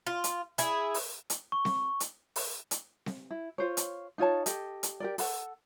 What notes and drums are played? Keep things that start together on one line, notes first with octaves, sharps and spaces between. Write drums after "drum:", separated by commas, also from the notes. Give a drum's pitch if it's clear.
F4
drum: hi-hat
E4 G#4, drum: hi-hat
drum: open hi-hat
drum: hi-hat
C#6
drum: snare C4
drum: hi-hat
drum: open hi-hat
drum: hi-hat
drum: snare C4
E4
F4 C5 C#5
drum: hi-hat
D#4 F4 C#5 A5
G4 A4 D#5, drum: hi-hat
drum: hi-hat
G4 A#4 D5
A4 F#5, drum: open hi-hat